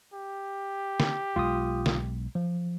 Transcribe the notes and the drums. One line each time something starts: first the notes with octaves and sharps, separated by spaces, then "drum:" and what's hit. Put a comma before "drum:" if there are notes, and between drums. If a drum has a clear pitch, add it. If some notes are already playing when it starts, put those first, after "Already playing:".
G4
drum: snare
B1 G#3 F4 D#6
drum: snare
F3